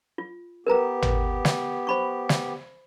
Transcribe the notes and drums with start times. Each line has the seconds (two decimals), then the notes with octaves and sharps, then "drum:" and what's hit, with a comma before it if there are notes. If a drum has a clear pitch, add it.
0.18 F4
0.67 B3 G4 A#4 B4 A#5
1.02 drum: tom
1.45 drum: snare
1.87 C5 B5 C#6
2.29 drum: snare